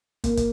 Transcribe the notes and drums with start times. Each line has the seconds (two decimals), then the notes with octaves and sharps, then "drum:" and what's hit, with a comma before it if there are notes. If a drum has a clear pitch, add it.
0.24 A#3, drum: kick, hi-hat
0.37 drum: kick, hi-hat